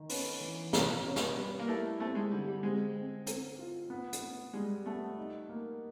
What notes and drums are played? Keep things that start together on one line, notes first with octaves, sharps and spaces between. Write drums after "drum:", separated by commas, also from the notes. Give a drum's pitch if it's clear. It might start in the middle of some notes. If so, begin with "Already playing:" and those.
Already playing: D#3
B3 C#4, drum: open hi-hat
E3
C#4, drum: snare
C#4
drum: snare
G3 B3
A#3
A3 E4
A3 C4
G#3
D3 G3
G3
G#3 C4
C4
C4, drum: hi-hat
F4
B3
drum: hi-hat
B3
G3 G#3
A3 B3
D#4
A#3